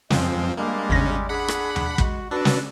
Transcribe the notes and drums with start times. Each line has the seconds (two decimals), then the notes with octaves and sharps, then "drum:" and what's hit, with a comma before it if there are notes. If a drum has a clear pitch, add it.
0.11 F2 F3 G#3 C4, drum: snare
0.57 G3 G#3 A#3 D4
0.90 G#1 E2 C#3 C#4 A#6
1.29 D4 G#4 F#5 B5
1.48 drum: rim click
1.76 drum: tom D#2
1.98 G#3 F#4, drum: kick
2.31 D4 F#4 A4 B4
2.45 drum: snare